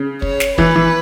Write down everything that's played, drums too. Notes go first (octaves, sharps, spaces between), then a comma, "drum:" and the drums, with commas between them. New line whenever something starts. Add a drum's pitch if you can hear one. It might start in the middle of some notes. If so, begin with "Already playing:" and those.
Already playing: C#3
C#5, drum: kick
drum: snare
E3 B4, drum: kick
E3